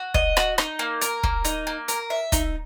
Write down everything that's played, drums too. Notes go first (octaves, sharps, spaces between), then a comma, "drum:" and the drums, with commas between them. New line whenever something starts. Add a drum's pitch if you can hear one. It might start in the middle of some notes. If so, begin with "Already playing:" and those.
Already playing: F#4
D#5, drum: kick
F#4, drum: rim click
D#4, drum: rim click
A#3
A#4, drum: hi-hat
A#3, drum: kick
D#4, drum: hi-hat
A#3
A#4, drum: hi-hat
E5
D#4, drum: kick, hi-hat